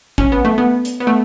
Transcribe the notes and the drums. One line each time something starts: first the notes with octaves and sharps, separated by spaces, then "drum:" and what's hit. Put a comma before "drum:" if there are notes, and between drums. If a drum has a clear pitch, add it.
C#4, drum: kick A1
B3
A3
B3
drum: hi-hat
B3
A3